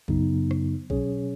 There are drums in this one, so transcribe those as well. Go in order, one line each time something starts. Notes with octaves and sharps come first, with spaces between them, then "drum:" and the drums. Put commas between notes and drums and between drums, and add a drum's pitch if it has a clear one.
F#2 C#3 F#3 B3 D#4, drum: kick A#1
drum: rim click
B2 F#3 C#4 G#4 C#5, drum: kick A#1